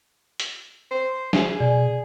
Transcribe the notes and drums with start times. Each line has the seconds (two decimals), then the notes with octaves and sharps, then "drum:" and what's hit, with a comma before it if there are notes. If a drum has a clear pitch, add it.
0.40 drum: hi-hat
0.91 C5
1.33 G#4 G#5 C7 G7, drum: snare
1.60 B2 D5 G#5